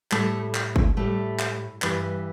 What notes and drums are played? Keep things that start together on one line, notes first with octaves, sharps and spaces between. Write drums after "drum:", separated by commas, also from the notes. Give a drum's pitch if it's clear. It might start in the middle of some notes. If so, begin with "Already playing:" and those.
A2 G3 A3, drum: clap
drum: clap
drum: kick G1
A2 G3 A3
drum: clap
G2 E3 G3, drum: clap